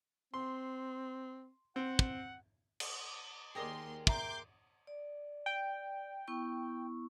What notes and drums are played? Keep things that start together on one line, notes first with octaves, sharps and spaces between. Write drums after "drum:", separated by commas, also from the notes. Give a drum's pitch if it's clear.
C4 C6
C4 F#5
drum: kick
drum: cymbal
D#2 G4 G#4 A#4 D5 D#5 C6 D#6
E5 A#5 C6 D6 G6, drum: kick
D5
G5
B3 E4 C#6